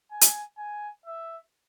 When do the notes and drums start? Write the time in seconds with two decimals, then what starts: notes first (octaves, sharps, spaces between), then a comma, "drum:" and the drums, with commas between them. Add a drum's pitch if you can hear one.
0.11 G#5
0.21 drum: hi-hat
0.58 G#5
1.06 E5